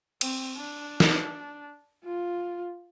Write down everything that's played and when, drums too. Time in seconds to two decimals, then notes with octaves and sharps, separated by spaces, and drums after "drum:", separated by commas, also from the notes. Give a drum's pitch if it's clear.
0.21 C4, drum: cymbal
0.57 D4
1.00 drum: snare
2.04 F4